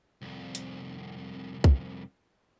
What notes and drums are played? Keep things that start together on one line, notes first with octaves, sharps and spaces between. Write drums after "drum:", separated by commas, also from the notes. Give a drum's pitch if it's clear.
C2 F2
drum: hi-hat
drum: kick